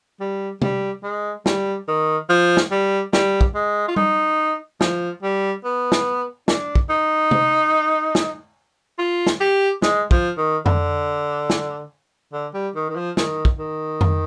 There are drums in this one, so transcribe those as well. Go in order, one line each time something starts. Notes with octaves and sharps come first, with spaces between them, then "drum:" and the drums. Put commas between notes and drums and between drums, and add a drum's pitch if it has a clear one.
G3
G3, drum: tom C3
G#3
G3, drum: snare
D#3
F3
drum: snare
G3
G3, drum: snare
drum: kick
G#3
F4
D#4, drum: tom G3
F3, drum: snare
G3
B3
drum: snare
D4, drum: snare
drum: kick
D#4
drum: tom C3
drum: snare
F4
drum: snare
G4
G#3, drum: snare
F3, drum: kick
D#3
D3, drum: tom F2
drum: snare
D3
G3
D#3
D#3
F3
D#3, drum: snare
drum: kick
D#3
drum: tom F2